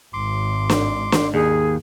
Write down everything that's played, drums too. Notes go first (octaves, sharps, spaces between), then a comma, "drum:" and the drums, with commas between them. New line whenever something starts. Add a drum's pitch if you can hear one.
G#1 C6 D6
drum: snare
drum: snare
D#2 G#4